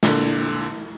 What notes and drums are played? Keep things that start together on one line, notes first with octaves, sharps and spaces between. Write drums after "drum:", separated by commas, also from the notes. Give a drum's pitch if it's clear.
A#2 D3, drum: snare